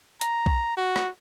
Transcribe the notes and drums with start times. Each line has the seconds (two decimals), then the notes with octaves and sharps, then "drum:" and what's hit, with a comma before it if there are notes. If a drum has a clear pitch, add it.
0.21 A#5, drum: hi-hat
0.46 drum: kick B1
0.77 F#4
0.96 drum: rim click